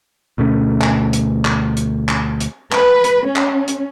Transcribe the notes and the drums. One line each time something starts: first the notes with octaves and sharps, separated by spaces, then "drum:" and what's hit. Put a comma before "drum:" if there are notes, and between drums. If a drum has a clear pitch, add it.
D2 B2 A3 C#4
drum: clap
drum: hi-hat
drum: clap
drum: hi-hat
drum: clap
drum: hi-hat
B4, drum: clap
drum: hi-hat
C#4
drum: clap
drum: hi-hat